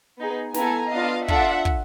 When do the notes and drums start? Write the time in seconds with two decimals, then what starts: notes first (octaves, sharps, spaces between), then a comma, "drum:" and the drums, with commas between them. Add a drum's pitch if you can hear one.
0.18 B3 D#4 G#4
0.54 B3 E4 A4 G#5 A#5, drum: snare
0.92 B3 D4 F4 D#5 F5
1.28 D4 F4 A4 E5 F#5, drum: kick
1.65 drum: kick